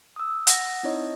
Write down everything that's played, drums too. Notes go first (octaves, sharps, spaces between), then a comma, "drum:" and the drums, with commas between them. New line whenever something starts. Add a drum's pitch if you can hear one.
D#6 E6
F#5 A#6, drum: hi-hat
C4 D#4 E4 C#5 D#5 D#6